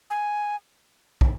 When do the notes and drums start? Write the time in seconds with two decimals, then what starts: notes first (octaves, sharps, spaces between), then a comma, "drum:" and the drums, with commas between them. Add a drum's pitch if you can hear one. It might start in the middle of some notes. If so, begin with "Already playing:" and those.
0.10 G#5
1.21 drum: kick